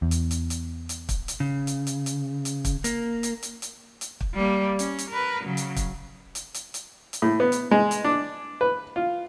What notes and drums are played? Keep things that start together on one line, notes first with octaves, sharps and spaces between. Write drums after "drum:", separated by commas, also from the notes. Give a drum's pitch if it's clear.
E2
drum: hi-hat
drum: hi-hat
drum: hi-hat
drum: hi-hat
drum: kick, hi-hat
drum: hi-hat
C#3
drum: hi-hat
drum: hi-hat
drum: hi-hat
drum: hi-hat
drum: kick, hi-hat
A#3, drum: hi-hat
drum: hi-hat
drum: hi-hat
drum: hi-hat
drum: hi-hat
drum: kick
G3 A#3
C#4, drum: hi-hat
drum: hi-hat
A#4 B4
C#3 F#3
drum: hi-hat
drum: kick, hi-hat
drum: hi-hat
drum: hi-hat
drum: hi-hat
drum: hi-hat
A2
B3
drum: hi-hat
G#3
drum: hi-hat
D4
B4
F4